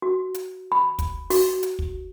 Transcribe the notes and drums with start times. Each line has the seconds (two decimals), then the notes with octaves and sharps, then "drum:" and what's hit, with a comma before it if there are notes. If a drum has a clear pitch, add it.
0.02 F#4
0.34 drum: hi-hat
0.72 B5
0.99 drum: kick, hi-hat
1.30 F#4, drum: open hi-hat
1.63 drum: hi-hat
1.79 drum: kick